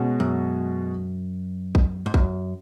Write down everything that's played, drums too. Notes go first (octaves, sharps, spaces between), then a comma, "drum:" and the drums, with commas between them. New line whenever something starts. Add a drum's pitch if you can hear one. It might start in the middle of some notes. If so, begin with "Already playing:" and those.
Already playing: B2 G#3 C#4 F#4
F#2
drum: kick
G#2
F#2, drum: kick